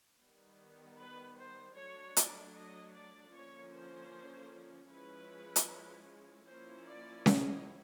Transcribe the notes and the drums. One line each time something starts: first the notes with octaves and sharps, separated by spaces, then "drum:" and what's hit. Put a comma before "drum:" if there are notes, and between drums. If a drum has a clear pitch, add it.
D#3 G3 B3
B4
C5
F#3 A3 D4 C#5
D5, drum: hi-hat
D#5
D5
D3 F3 A#3 C#4 C#5
C5
F3 G#3 C#4 E4 B4
drum: hi-hat
F3 A#3 C#4 E4 C5
D5
D#5, drum: snare C#4